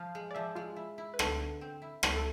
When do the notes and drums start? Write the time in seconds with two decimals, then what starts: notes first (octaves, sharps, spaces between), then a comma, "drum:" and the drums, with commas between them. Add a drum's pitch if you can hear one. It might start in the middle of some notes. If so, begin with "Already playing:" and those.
Already playing: F3 F5
0.15 G#3
0.31 D5
0.35 F3 E5
0.55 G#3 F4
0.76 E4
0.98 E4
1.14 B4
1.19 D3 A4, drum: rim click
1.40 D3
1.61 C4
1.82 E4
2.03 E4 A4, drum: rim click
2.17 A4